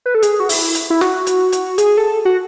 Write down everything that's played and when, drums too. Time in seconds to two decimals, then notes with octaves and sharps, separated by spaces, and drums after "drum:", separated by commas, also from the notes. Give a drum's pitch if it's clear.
0.06 B4
0.15 A4
0.22 G#4, drum: hi-hat
0.40 F#4
0.49 E4, drum: open hi-hat
0.75 drum: hi-hat
0.90 E4
1.01 F#4, drum: snare
1.26 drum: hi-hat
1.52 drum: hi-hat
1.78 G#4, drum: hi-hat
1.97 A4
2.25 F#4